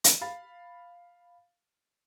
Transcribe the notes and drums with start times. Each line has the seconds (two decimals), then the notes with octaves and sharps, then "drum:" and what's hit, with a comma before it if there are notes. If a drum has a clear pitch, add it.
0.04 drum: hi-hat
0.21 F5 B5 A6